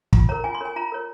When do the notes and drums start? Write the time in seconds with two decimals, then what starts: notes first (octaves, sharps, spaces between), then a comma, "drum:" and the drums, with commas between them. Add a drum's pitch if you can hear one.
0.13 F4, drum: kick
0.29 A#4 C#5 A#5
0.44 F4 G#5
0.55 C6
0.61 A#4 C#5 G#5
0.76 F4 A#5
0.92 A#4 C#5